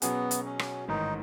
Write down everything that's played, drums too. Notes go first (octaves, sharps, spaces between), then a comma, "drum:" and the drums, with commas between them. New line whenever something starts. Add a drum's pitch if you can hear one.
B2 F#3 B3 C#4 G#4, drum: hi-hat
drum: hi-hat
C#4
drum: rim click
A1 G#2 D#3 D#4